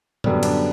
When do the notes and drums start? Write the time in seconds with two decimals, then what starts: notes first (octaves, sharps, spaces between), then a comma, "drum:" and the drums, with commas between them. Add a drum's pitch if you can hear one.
0.24 F#2 D3 G3 B3, drum: tom A2
0.43 D4, drum: cymbal